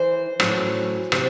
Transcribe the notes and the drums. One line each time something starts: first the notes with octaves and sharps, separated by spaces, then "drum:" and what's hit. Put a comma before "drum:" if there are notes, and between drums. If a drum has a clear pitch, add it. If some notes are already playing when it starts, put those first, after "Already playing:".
Already playing: E3 C5
A2 F#3 C#4, drum: rim click
C3 E3 C4, drum: rim click